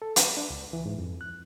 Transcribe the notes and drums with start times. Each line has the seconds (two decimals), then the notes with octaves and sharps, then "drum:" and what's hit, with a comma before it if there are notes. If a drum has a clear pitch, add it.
0.02 A4
0.16 B4, drum: hi-hat
0.37 D4
0.50 C#2
0.73 E3
0.86 G#2
0.98 F2
1.21 F#6